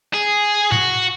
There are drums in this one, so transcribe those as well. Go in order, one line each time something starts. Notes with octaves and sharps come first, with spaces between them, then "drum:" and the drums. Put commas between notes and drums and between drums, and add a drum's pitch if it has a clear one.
G#4
F#4, drum: tom G#2